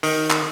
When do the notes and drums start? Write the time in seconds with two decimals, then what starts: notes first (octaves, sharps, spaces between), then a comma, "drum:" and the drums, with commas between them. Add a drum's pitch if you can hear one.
0.03 D#3, drum: open hi-hat
0.30 drum: clap